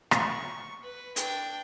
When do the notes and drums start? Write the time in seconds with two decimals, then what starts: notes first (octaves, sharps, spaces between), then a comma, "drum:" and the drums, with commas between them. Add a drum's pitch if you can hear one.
0.11 C#6, drum: rim click
0.83 B4
1.16 D4 G5, drum: hi-hat